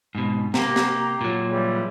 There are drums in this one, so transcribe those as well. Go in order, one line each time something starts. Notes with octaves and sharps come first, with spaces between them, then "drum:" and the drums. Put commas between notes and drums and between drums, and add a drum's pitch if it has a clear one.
G#2 B2
C3 A#3 G4 A#5, drum: snare
drum: snare
A#2 F#3
C#3 E3 G3